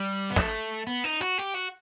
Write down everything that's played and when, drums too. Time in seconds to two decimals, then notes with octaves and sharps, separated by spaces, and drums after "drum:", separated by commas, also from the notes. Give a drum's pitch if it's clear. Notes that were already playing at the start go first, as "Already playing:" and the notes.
Already playing: G3
0.30 B3
0.36 A3, drum: snare
0.87 B3
1.04 D#4
1.21 F#4, drum: hi-hat
1.38 G4
1.55 F#4